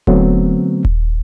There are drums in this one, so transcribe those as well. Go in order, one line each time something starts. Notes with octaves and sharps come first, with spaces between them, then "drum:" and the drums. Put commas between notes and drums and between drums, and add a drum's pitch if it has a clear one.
D3 F#3 A3 B3 C4, drum: kick D#1
drum: kick D#1